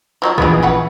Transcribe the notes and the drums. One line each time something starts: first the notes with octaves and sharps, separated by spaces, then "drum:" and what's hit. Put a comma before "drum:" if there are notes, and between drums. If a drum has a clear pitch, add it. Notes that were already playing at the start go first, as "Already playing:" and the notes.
F3 F#3 D#5
A#1 E3 B3 G#4, drum: kick
C#3 B4 F#5